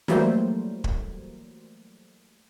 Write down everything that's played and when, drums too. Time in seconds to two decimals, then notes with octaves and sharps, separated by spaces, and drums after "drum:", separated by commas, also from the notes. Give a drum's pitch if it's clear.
0.08 E3 F#3 G3 A3 A#3 C5, drum: snare
0.84 drum: kick